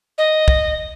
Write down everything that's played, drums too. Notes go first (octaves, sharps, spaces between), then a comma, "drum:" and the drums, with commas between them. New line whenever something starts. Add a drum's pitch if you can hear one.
D#5
drum: kick